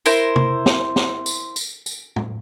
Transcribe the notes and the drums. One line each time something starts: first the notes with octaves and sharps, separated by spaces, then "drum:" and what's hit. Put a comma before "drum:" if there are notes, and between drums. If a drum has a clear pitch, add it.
E4 A#4 C5, drum: tambourine
drum: tom C3
drum: snare
drum: snare
drum: tambourine
drum: tambourine
drum: tambourine
drum: tom A2